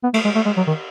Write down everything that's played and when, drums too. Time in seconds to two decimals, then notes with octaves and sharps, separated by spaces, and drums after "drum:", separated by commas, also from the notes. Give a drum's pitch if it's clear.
0.03 B3
0.14 A3, drum: cymbal
0.25 G#3
0.35 A3
0.46 G#3
0.57 F#3
0.67 D#3